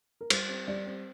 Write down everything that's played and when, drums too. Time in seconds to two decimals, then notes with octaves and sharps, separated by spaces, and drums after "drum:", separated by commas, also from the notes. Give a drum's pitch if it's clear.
0.21 A#4
0.30 G3 C5, drum: cymbal
0.49 C4
0.67 G3 D5
0.87 C4